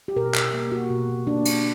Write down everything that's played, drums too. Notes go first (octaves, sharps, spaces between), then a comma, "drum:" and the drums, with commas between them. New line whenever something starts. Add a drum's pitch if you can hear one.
G4
B2 A#4
B2, drum: clap E6
A#3
A#3 F#4
B2
B2
A#3 D4
A#3, drum: cymbal